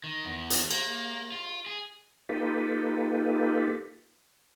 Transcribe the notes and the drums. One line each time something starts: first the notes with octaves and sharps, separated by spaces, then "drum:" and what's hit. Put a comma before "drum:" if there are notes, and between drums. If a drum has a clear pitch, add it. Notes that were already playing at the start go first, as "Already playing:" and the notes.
D#3
E2
drum: hi-hat
A#3, drum: cymbal
F4
G#4
A#3 D#4 F4 G4 A4 B4